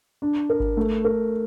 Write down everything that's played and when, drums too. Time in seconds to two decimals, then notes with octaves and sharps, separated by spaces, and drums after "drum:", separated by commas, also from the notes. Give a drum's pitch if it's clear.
0.22 D4
0.50 A#4
0.60 drum: kick G#1
0.77 A3
1.05 A#4